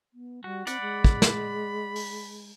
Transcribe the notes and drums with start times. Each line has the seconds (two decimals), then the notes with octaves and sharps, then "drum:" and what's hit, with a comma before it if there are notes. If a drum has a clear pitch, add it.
0.14 B3
0.44 G3 F#4
0.67 C4 D5 F#5 B5, drum: hi-hat
0.81 G#3
1.04 drum: kick
1.22 drum: snare
1.96 drum: open hi-hat